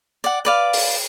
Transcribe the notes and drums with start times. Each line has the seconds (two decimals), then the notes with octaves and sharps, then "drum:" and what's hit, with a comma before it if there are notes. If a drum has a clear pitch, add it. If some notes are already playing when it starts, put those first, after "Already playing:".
0.24 D5 F#5
0.45 B4 D5 F5
0.73 drum: open hi-hat